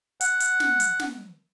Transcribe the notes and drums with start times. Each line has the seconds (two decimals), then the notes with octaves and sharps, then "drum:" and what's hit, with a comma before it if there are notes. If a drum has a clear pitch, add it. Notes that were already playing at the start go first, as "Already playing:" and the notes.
0.21 F#5, drum: hi-hat
0.40 drum: hi-hat
0.60 drum: snare
0.80 drum: hi-hat
1.00 drum: snare